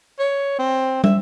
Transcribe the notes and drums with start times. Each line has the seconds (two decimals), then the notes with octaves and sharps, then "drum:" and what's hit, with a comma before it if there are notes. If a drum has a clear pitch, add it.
0.19 C#5
0.59 C4
1.04 E5, drum: tom